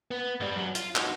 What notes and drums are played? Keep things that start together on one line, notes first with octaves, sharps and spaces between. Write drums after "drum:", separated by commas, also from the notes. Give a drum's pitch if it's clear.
B3
G#2 G3
F#2 F#3
F4, drum: hi-hat
D#4 F#4, drum: clap